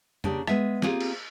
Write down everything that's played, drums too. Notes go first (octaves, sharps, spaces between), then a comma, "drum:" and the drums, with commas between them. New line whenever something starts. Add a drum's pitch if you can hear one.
C#3 A#3 D4 G4, drum: tom F2
G#3 B3 E5, drum: rim click
A#3 C4 F4 G4 G#4, drum: snare
drum: cymbal